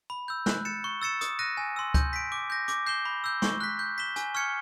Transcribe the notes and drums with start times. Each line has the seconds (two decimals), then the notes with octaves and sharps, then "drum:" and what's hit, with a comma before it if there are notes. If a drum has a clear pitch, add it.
0.10 B5
0.28 E6 G6
0.46 F#6, drum: snare
0.65 A6 C#7 E7
0.84 C#6
1.02 E6 A6 C#7 E7
1.21 D#6, drum: hi-hat
1.39 F#6 A#6 D#7
1.57 G#5
1.76 C6 E6
1.94 G6, drum: kick C#2, hi-hat
2.13 B6 D7
2.32 D6
2.50 G6 A#6
2.68 D6, drum: hi-hat
2.86 G6 C7 E7 G7
3.05 B5
3.24 E6 G6
3.42 C#6, drum: snare
3.60 F#6 B6
3.79 G6
3.98 B6 E7 G7
4.16 G#5, drum: hi-hat
4.34 C#6 F6 G#6 C#7